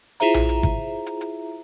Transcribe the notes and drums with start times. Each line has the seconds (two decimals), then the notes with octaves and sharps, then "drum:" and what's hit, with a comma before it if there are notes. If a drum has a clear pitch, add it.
0.20 E4 F4 G#4 C5 E5 A#5, drum: hi-hat
0.34 drum: tom A#1
0.49 drum: hi-hat
0.63 drum: kick, hi-hat
1.06 drum: hi-hat
1.21 drum: hi-hat